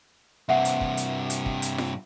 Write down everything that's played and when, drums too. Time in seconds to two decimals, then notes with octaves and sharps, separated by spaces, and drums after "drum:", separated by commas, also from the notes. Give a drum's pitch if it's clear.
0.49 G2 C3 E5 F#5
0.65 drum: hi-hat
0.81 drum: kick
0.97 drum: hi-hat
1.30 drum: hi-hat
1.46 drum: kick
1.62 drum: hi-hat
1.78 drum: snare F4